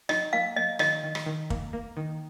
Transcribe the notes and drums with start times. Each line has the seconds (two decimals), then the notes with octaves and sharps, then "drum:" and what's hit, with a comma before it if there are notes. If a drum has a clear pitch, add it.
0.09 D#4 D#5, drum: rim click
0.33 A#3 F5
0.56 A#3 D#5
0.79 D#3 D#5, drum: rim click
1.04 D#3
1.15 drum: rim click
1.26 D#3
1.50 A#3, drum: kick
1.73 A#3
1.97 D#3